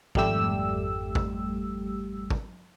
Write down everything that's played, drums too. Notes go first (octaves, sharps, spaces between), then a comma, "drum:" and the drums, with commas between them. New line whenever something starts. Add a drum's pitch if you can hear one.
G#1 F2 G3 A3 G4 E6, drum: kick
drum: kick
drum: kick